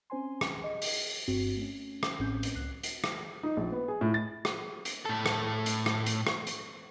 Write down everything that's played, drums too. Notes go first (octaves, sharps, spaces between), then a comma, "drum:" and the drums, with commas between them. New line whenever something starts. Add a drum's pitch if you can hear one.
C4 C#4 C5 G#5 C6
drum: rim click
G#4 D#5
drum: open hi-hat
G1 G2 C4 F#4
A3 C#4
drum: rim click
A1 A2 C4 C#4 G6
drum: hi-hat
C#2 F#6 C7
drum: hi-hat
drum: rim click
D#4
A#1
B3
G#4
A2
A6
drum: rim click
drum: hi-hat
A2 A4
drum: rim click
drum: hi-hat
drum: rim click
drum: hi-hat
drum: rim click
drum: hi-hat